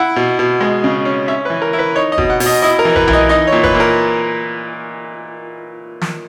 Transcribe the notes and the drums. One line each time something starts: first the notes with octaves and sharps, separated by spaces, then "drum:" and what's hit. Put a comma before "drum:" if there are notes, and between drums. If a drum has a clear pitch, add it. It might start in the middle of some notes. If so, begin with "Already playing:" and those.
Already playing: E4 F#5
B2
B2
G#3
C#3
C#4
C#4 E5
B4
E3
A#4
E4
B4
D#4 C#5
D#5
B2, drum: kick F#1
F#5
B2, drum: open hi-hat
D#5
E4 D#5
A#4
E3
B4, drum: kick F#1
E3, drum: tom B1
D#5
D#4 D#5
C#5
A#2
B4, drum: kick F#1
A#2
A#4
drum: snare